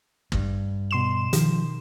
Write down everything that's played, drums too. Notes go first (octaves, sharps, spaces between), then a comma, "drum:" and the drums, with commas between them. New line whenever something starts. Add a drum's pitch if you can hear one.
G2, drum: kick
B2 C6 E7
D#3 F3, drum: hi-hat